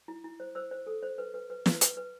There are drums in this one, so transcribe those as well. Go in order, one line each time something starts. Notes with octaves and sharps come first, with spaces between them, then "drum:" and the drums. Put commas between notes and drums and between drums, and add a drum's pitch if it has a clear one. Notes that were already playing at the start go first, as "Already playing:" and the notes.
E4
E4
C5
C5 E6
C5
A4
C5
B4
B4
B4
B4, drum: snare
B4, drum: hi-hat
B4